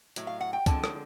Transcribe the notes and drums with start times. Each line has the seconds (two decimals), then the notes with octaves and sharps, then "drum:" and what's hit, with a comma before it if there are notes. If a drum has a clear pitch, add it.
0.16 A2 F#3, drum: hi-hat
0.27 F5
0.40 F#5
0.53 G5
0.66 D3 F3 G#3 C4 A5, drum: kick C#2, hi-hat
0.84 drum: rim click